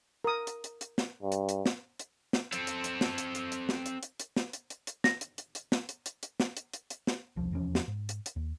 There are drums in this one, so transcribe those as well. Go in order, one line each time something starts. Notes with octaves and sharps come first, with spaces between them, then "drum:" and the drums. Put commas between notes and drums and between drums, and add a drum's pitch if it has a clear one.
A#4 D#6
drum: hi-hat
drum: hi-hat
drum: hi-hat
drum: snare
G2
drum: hi-hat
drum: hi-hat
drum: snare
drum: hi-hat
drum: snare
C4 A4, drum: hi-hat
drum: hi-hat
drum: hi-hat
drum: snare
drum: hi-hat
drum: hi-hat
drum: hi-hat
drum: snare
drum: hi-hat
drum: hi-hat
drum: hi-hat
drum: snare
drum: hi-hat
drum: hi-hat
drum: hi-hat
A#6, drum: snare
drum: hi-hat
drum: hi-hat
drum: hi-hat
drum: snare
drum: hi-hat
drum: hi-hat
drum: hi-hat
drum: snare
drum: hi-hat
drum: hi-hat
drum: hi-hat
drum: snare
E1 C2 F3
F1 E2 F3 C#4
drum: snare
G#2
drum: hi-hat
drum: hi-hat
D#2